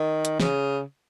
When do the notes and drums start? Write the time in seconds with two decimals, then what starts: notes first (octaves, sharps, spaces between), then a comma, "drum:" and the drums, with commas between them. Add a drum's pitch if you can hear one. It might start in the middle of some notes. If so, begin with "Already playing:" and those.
Already playing: D#3
0.25 drum: hi-hat
0.40 C#3, drum: snare